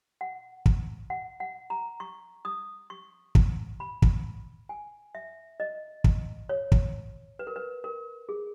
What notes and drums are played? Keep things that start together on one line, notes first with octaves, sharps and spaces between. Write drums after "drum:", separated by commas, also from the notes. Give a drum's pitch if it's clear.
F#5
drum: kick
F#5
F#5
A#5
C#6
D#6
C#6
drum: kick
B5
drum: kick
G#5
E5
D#5
drum: kick
C#5
drum: kick
B4
A#4
B4
A#4
G#4